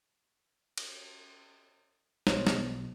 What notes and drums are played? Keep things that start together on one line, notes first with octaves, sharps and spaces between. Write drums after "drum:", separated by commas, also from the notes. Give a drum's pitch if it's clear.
drum: cymbal
B1 B3 C5 C#5, drum: snare
drum: snare